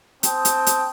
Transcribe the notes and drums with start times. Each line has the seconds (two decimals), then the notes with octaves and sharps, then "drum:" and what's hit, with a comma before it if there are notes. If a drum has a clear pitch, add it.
0.23 C4 G5 A5 D#6, drum: hi-hat
0.45 drum: hi-hat
0.67 drum: hi-hat